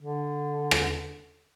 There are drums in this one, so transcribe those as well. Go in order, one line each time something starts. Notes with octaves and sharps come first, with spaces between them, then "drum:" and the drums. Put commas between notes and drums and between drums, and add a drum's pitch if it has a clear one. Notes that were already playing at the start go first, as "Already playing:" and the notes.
D3
drum: rim click